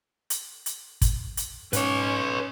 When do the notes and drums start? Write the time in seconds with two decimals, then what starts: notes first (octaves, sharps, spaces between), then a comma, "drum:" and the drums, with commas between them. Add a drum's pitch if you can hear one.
0.30 drum: hi-hat
0.66 drum: hi-hat
1.02 drum: kick, hi-hat
1.37 drum: hi-hat
1.73 G#2 C#4 B4 C#5, drum: hi-hat